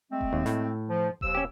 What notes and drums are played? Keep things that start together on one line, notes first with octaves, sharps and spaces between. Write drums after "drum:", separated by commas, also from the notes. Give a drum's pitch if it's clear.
G#3 A3 C4
drum: kick D#1
D#2
A2, drum: snare
F3
D#2 F3 E6, drum: kick D#1
C#4 G4